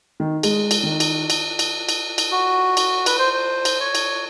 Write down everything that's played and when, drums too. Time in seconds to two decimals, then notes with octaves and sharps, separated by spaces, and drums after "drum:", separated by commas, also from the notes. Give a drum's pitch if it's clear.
0.20 D#3
0.43 G#3, drum: cymbal
0.71 drum: cymbal
0.83 D#3
1.00 drum: cymbal
1.30 drum: cymbal
1.59 drum: cymbal
1.89 drum: cymbal
2.18 drum: cymbal
2.31 F#4
2.77 drum: cymbal
3.06 B4, drum: cymbal
3.19 C5
3.33 C5
3.65 drum: cymbal
3.80 C#5
3.95 drum: cymbal